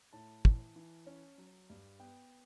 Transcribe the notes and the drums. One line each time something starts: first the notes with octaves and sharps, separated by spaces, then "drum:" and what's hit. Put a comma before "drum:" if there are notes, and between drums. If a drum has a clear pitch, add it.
A2 A5
E3, drum: kick
E3
C#4
F#3
G2
B3 G5